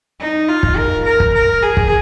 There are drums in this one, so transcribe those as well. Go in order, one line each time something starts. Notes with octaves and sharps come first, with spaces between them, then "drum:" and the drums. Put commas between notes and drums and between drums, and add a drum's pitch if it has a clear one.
D#4
F4
drum: kick
A#4
A#4
drum: kick
A#4
G#4
drum: kick